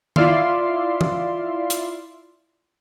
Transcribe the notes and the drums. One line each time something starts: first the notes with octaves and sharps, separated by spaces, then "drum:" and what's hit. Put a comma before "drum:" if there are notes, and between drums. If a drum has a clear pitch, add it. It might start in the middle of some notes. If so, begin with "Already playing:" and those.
E4 F4 D5 E5 F5 C6, drum: tom
drum: tom
drum: hi-hat